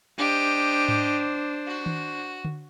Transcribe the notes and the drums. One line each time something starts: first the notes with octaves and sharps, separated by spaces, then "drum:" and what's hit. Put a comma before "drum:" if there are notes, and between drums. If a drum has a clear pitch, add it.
D4 G4 C5 D#5
drum: tom G#2
F#4
drum: tom D#3
drum: tom D3